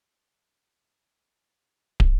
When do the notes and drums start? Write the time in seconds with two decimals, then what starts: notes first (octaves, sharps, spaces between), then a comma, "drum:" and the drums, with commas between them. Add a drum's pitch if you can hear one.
0.22 F3 C4 A4 D5 E5 C#6
2.00 drum: kick